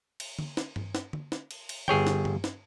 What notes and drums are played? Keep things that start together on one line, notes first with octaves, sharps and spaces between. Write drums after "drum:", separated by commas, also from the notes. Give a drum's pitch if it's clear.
drum: cymbal
drum: tom
drum: snare
drum: tom G2
drum: snare
drum: tom
drum: snare
drum: cymbal
drum: cymbal
G1 G#4 C#5 G5, drum: tom
drum: snare
drum: tom G2
drum: snare